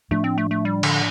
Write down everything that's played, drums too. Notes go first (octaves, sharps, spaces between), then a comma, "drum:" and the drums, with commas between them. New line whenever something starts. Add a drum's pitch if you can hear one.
A2 F3 A3 D4
C4
A3
A3
G3
D3, drum: cymbal